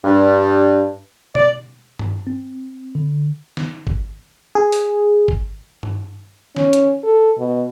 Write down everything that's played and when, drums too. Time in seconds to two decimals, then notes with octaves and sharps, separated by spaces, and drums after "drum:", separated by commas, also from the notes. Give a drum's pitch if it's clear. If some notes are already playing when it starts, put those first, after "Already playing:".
0.04 G2
1.35 D5, drum: tom B2
1.99 drum: tom G2
2.27 C4
2.95 D3
3.57 drum: snare
3.87 drum: kick G#1
4.55 G#4
4.72 drum: open hi-hat
5.28 drum: kick G#1
5.83 drum: tom G2
6.56 C#4, drum: snare
6.73 drum: hi-hat
7.04 A4
7.38 B2